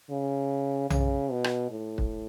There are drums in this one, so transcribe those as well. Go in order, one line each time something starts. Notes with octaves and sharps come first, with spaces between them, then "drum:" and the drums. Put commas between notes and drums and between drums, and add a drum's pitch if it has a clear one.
C#3
C#3, drum: tom B1
B2
drum: rim click
A2
drum: kick